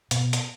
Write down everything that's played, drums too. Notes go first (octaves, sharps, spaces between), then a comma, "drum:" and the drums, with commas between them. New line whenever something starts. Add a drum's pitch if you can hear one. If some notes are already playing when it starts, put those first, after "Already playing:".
B2, drum: hi-hat
drum: hi-hat